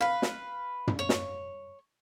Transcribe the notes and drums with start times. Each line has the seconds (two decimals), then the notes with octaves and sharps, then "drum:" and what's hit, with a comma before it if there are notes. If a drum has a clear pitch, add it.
0.01 B4 F5 B5
0.22 drum: snare
0.87 drum: tom
0.99 C#5
1.09 drum: snare